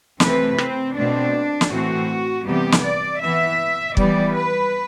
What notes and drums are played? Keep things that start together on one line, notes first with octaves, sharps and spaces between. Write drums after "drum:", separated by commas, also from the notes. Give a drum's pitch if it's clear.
C3 E3 A3 C4 B4, drum: snare
C4, drum: rim click
B2 A3 C4 D4
drum: snare
A2 E3 A3 C4 F#4
C3 E3 G3 B3 G4
drum: snare
D5
E3 B3 E5
E3 G3 B3 D5, drum: kick
B4